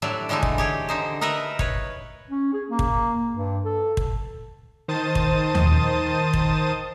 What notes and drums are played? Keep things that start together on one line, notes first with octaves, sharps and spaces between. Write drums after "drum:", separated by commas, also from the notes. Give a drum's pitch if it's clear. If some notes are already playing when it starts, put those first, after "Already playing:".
A2 F#3 G3 D4 E5
D3 E3 G#3 A3 D#4
drum: kick
G4 G#4 C#5
D3 D#4 C5
D#4 A#4 B4 D#5 E5
B4 C#5, drum: kick
C#4
G#4
A#3
drum: kick
G2
A4
drum: kick
D#3 C5 A5 D#6 A6 D#7
drum: kick
drum: tom D#2
drum: kick